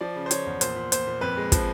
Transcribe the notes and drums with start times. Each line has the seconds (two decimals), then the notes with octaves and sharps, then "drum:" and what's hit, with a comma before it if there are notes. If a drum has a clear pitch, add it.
0.01 F3 D5
0.16 C#3
0.26 C5
0.31 F3 C#5, drum: hi-hat
0.46 E2
0.61 A#2 C5, drum: hi-hat
0.76 A#2
0.92 A#2 C5, drum: hi-hat
1.07 A#2
1.21 F2 B4
1.37 G#3
1.52 F3, drum: kick, hi-hat